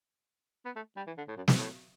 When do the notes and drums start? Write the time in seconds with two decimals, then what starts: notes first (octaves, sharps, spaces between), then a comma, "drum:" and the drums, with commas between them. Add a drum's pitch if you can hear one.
0.65 B3
0.76 A3
0.97 G3
1.07 E3
1.17 D3
1.28 A2
1.37 F#2
1.48 G2, drum: snare
1.58 A2